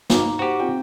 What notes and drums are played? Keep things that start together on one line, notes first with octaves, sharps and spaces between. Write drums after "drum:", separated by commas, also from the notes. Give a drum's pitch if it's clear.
A#3 D#4, drum: snare
F#4 G4 C5
C4 F4 G5